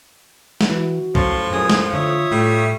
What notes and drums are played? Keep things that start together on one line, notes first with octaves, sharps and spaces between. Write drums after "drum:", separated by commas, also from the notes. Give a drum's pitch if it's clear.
drum: snare
E3 F#4
F#2 A2 F3 A5 C6 C#6, drum: kick B1
F#2 A#2 G#4 D#6
drum: snare
D3 F4 C#5 E5 D#6
A2 G3 A3